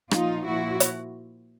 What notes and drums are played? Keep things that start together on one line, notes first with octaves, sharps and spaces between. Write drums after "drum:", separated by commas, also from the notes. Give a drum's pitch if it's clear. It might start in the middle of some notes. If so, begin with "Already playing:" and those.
A#2 F3 D#4 F4, drum: rim click
A#2 F3 E4 F#4
drum: hi-hat